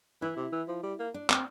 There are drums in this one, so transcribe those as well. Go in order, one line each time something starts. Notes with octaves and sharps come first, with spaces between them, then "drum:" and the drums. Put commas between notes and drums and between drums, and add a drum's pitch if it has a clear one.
E3 E4
C3
E3
F3
G3
A#3
D4
C4, drum: clap